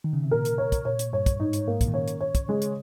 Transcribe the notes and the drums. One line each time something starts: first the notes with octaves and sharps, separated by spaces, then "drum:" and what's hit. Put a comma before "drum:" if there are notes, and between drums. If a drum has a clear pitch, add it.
D#3
C#3
C3
A#2 A#4
drum: hi-hat
C#5
drum: kick, hi-hat
A#2 C#5
drum: hi-hat
G2 C#5
drum: kick, hi-hat
G#2 D#4
G#2, drum: hi-hat
G#2 A#3
A#2, drum: kick, hi-hat
D#3
C#3 C#5
drum: hi-hat
C#5
drum: kick, hi-hat
C#3 G#3
drum: hi-hat